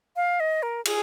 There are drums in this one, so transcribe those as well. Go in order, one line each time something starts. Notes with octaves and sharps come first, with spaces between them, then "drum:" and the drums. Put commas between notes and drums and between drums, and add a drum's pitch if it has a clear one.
F5
D#5
A#4
G#4, drum: cymbal